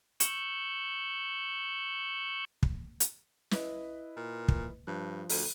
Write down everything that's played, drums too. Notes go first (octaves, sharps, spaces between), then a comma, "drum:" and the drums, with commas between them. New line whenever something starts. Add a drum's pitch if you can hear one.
C#6 E6 F#6 G6, drum: hi-hat
drum: kick
drum: hi-hat
E4 B4 D#5, drum: snare
A#2
drum: kick
G2 F3 F#6
D2, drum: open hi-hat